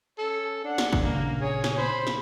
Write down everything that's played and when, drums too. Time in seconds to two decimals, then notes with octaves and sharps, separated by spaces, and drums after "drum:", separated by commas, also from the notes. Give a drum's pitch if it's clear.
0.18 C#4 A4
0.64 D4 F#5
0.78 drum: snare
0.93 drum: kick G#1
1.02 A#2 C#3 A#3
1.41 G#4 C#5
1.64 drum: snare
1.78 C5 B5
2.07 drum: snare